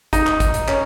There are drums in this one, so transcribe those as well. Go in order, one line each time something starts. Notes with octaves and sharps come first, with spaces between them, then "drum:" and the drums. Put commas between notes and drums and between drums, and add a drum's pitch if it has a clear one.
D#4, drum: kick, hi-hat
drum: clap
drum: kick, hi-hat
drum: hi-hat
C#4, drum: clap